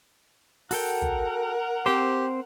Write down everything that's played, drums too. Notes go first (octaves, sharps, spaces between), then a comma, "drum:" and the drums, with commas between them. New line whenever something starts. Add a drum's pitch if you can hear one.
F#4 A4 A#4 F#5 G5, drum: open hi-hat
drum: tom
C4 G4 C5